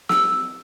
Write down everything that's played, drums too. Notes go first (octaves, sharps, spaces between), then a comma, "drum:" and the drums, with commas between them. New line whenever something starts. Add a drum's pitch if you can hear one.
E6, drum: snare